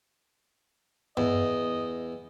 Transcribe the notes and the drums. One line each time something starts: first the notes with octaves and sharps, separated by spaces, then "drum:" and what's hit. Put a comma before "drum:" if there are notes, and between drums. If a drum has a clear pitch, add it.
E2 D#5, drum: tom G2